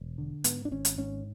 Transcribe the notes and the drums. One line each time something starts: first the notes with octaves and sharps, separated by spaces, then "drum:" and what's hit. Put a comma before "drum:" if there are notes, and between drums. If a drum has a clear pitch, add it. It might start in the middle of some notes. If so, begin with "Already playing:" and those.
Already playing: E1
D3
G#2 B3, drum: hi-hat
D4
G#1 C#4
drum: hi-hat
G#2 C#4